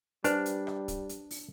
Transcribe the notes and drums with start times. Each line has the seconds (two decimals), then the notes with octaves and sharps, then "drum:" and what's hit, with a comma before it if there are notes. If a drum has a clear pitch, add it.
0.24 G3 D4 B4 C5 G#5, drum: hi-hat
0.46 drum: hi-hat
0.67 drum: rim click
0.88 drum: kick, hi-hat
1.09 drum: hi-hat
1.31 drum: open hi-hat